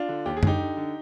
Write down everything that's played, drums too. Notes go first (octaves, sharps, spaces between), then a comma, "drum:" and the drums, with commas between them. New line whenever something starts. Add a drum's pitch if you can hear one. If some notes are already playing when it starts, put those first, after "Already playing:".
Already playing: D4 F4
D3
D#2 G4
G#4
D3 D#4 G4, drum: tom F#2
D3
D3